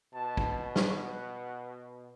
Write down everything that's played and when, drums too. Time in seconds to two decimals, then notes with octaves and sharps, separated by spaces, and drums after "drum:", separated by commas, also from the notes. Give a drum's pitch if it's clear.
0.14 B2 A5
0.37 drum: kick
0.76 F#5, drum: snare